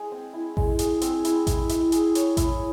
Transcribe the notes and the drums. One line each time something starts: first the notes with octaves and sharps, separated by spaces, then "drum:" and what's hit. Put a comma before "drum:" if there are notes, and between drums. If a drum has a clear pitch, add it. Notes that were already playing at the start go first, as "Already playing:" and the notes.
Already playing: G#3 G#4
C4
E4
G#3, drum: kick A1
G#4, drum: hi-hat
C4, drum: hi-hat
E4, drum: hi-hat
E4, drum: kick A1, hi-hat
E5, drum: hi-hat
G#4, drum: hi-hat
C#5, drum: hi-hat
E4, drum: kick A1, hi-hat